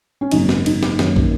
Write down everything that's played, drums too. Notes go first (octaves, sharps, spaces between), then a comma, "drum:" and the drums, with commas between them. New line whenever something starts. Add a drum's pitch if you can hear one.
C#4
G#1 F#2 C#3 F#3 A#3 D#4, drum: cymbal
drum: snare
D#4, drum: cymbal
drum: snare
F#2 D#3 A#3, drum: snare
drum: kick